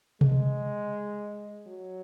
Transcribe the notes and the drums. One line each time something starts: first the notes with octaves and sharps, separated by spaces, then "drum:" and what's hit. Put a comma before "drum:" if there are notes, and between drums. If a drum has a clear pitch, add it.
G#3, drum: tom C3
F#3